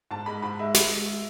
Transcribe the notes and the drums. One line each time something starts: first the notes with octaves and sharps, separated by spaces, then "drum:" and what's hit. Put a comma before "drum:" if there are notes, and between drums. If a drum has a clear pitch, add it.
G#2 A5
G#3 B5
G#2 B5
G#3 E5
G#3, drum: snare
G#3